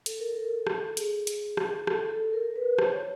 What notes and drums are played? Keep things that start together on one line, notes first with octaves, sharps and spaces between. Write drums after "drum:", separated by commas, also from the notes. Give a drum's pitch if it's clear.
A4, drum: hi-hat
A#4
A4
drum: rim click
G#4, drum: hi-hat
drum: hi-hat
drum: rim click
A4, drum: rim click
A4
A#4
B4
C5, drum: rim click
C#5